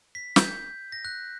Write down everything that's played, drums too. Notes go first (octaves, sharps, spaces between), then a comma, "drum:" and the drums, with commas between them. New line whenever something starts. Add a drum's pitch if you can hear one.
B6
G6, drum: snare
A#6
F#6